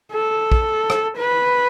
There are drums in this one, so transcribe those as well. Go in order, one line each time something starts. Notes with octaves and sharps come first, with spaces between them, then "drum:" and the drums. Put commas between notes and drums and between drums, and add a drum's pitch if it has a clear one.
A4
drum: kick
drum: rim click
B4